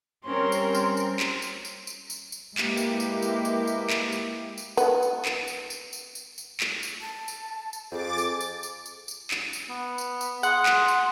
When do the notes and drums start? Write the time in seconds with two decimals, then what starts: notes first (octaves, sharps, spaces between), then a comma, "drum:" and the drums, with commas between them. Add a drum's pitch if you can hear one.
0.25 G3 C4 C#4 A#4 C6
0.52 drum: tambourine
0.75 drum: tambourine
0.97 drum: tambourine
1.20 drum: clap
1.42 drum: tambourine
1.65 drum: tambourine
1.87 drum: tambourine
2.10 drum: tambourine
2.32 drum: tambourine
2.58 G#3 A#3 E4 G4 B4, drum: clap
2.77 drum: tambourine
3.00 drum: tambourine
3.22 drum: tambourine
3.45 drum: tambourine
3.67 drum: tambourine
3.90 drum: clap
4.13 drum: tambourine
4.58 drum: tambourine
4.77 B3, drum: tambourine
5.03 drum: tambourine
5.25 drum: clap
5.48 drum: tambourine
5.70 drum: tambourine
5.93 drum: tambourine
6.15 drum: tambourine
6.38 drum: tambourine
6.60 drum: clap
6.83 drum: tambourine
7.01 A5
7.28 drum: tambourine
7.73 drum: tambourine
7.91 F2 G#4 D6 A6
8.18 drum: tambourine
8.41 drum: tambourine
8.63 drum: tambourine
8.86 drum: tambourine
9.08 drum: tambourine
9.31 drum: clap
9.53 drum: tambourine
9.69 B3
9.98 drum: tambourine
10.21 drum: tambourine
10.43 G#4 F#5 C6, drum: tambourine
10.66 drum: clap
10.88 drum: tambourine